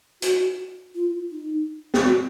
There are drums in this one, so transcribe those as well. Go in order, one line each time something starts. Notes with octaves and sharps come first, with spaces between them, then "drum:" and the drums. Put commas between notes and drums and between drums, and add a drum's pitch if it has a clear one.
F#4, drum: hi-hat
F4
D#4
drum: snare C4
F#4